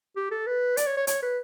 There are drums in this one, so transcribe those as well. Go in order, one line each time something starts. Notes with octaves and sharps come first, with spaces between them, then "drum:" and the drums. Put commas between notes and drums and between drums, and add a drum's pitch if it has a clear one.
G4
A4
B4
D5, drum: hi-hat
C#5
C#5
C#5, drum: hi-hat
B4